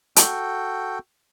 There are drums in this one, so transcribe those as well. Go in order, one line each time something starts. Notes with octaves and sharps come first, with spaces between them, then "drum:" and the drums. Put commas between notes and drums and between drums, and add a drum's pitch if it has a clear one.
F#4 A4 G5, drum: hi-hat